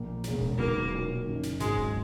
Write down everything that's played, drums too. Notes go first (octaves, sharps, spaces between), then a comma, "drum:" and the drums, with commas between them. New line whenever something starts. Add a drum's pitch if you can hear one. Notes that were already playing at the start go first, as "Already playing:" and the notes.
Already playing: A#1 A#2 A#3
E1 E2 C#3 G#3 C#4, drum: snare
drum: kick D1
D#3 F#3 A#3 B3 F#4
B1 A#2 F#3 A#3
F#1 F#2 D#3
drum: snare
G#1 G#2 F#3 G#3, drum: snare
drum: kick D1